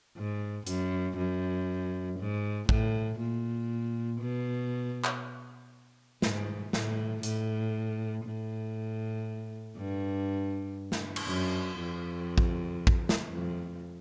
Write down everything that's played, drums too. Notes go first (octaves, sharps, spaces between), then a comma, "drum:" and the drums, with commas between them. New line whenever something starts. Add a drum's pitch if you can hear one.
G#2
F#2, drum: hi-hat
F#2
G#2
A2, drum: kick
A#2
B2
drum: clap
G#2, drum: snare
A2, drum: snare
A2, drum: hi-hat
A2
G2
drum: snare
drum: cymbal
F#2
F2
drum: kick
drum: kick
drum: snare
F2